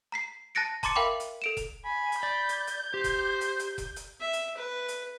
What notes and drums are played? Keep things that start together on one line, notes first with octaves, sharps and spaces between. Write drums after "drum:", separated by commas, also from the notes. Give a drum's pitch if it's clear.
A#5 B6 C7
A5 F#6 A6 A#6 C#7 D7
A5 A#5 C6 D6 A6 C#7, drum: kick F1, hi-hat
A#4 E5 F5 G5 B5 D6
drum: hi-hat
A4 D7 E7
drum: kick F1, hi-hat
G#5 B5
drum: hi-hat
D5 G6
drum: hi-hat
drum: hi-hat
G4 C5
drum: kick F1, hi-hat
drum: hi-hat
drum: hi-hat
drum: kick F1, hi-hat
drum: hi-hat
E5
drum: hi-hat
B4
drum: hi-hat